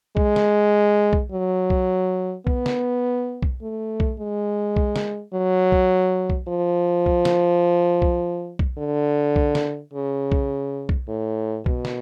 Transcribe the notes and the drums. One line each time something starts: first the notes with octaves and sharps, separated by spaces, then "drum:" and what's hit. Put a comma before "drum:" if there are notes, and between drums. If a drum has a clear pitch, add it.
G#3, drum: kick B1
drum: snare
drum: kick B1
F#3
drum: kick B1
B3, drum: kick B1
drum: snare
drum: kick B1
A3
drum: kick B1
G#3
drum: kick B1
drum: snare
F#3
drum: kick B1
drum: kick B1
F3
drum: kick B1
drum: snare
drum: kick B1
drum: kick B1
D3
drum: kick B1
drum: snare
C#3
drum: kick B1
drum: kick B1
A2
B2, drum: kick B1
drum: snare